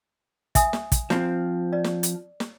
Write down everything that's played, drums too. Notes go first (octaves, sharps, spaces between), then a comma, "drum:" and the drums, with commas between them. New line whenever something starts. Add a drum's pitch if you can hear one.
E5 G#5 D#6, drum: kick, hi-hat
drum: snare
drum: kick, hi-hat
F3 C4, drum: snare
D5
drum: snare
drum: hi-hat
drum: snare